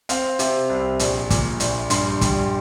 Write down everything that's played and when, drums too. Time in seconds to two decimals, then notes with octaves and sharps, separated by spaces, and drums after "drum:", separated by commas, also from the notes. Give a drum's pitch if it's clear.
0.09 C4 F5, drum: hi-hat
0.39 C3, drum: hi-hat
0.70 C2
0.99 A#1, drum: hi-hat
1.30 A#2, drum: kick, hi-hat
1.60 A#1, drum: hi-hat
1.90 G2 C6, drum: hi-hat
2.21 G3, drum: kick, hi-hat